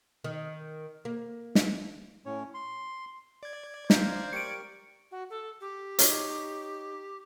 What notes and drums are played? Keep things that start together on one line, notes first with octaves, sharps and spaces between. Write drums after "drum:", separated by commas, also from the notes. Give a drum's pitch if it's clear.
D#3
A#3
drum: snare
A2 C#4 C#5
C6
D5 G#6
C5 F5 A#5, drum: snare
G4 A#4 C#6 C#7 D7
F#4
A4
G4
D#4 C#5, drum: hi-hat